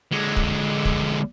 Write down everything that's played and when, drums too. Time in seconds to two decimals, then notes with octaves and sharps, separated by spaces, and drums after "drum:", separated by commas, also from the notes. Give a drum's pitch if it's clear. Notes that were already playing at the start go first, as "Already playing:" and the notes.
0.12 D3 G#3
0.36 drum: kick
0.85 drum: kick